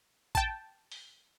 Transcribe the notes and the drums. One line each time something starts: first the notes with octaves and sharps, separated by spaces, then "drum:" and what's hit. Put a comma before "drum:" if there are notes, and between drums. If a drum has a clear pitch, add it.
G5 A5, drum: kick A1
drum: open hi-hat